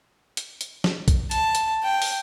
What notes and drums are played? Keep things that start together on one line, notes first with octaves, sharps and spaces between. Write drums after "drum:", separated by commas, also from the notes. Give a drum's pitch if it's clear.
drum: hi-hat
drum: hi-hat
drum: snare
drum: kick, hi-hat
A5, drum: hi-hat
drum: hi-hat
G5
drum: open hi-hat